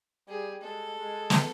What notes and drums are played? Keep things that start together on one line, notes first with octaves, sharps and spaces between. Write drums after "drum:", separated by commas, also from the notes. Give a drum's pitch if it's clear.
G3 G#4
G#3 A4
G#3
drum: snare